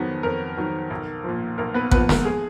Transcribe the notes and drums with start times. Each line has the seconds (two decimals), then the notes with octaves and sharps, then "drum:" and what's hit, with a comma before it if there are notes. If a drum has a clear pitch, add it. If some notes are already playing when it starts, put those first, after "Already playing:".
Already playing: F2 D#3 F#3 B3
0.23 F2 A#4
0.57 D#3 F#3
0.90 B1
1.24 A#2 F3
1.58 B1 A#4
1.74 B3 B4
1.91 A#2 F3 B3 B4, drum: kick A1
2.09 A#4, drum: snare
2.25 G#4